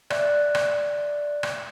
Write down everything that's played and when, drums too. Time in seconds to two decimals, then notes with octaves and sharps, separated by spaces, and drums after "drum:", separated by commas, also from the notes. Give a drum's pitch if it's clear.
0.10 D5 E5 F#6, drum: rim click
0.55 drum: rim click
1.43 drum: rim click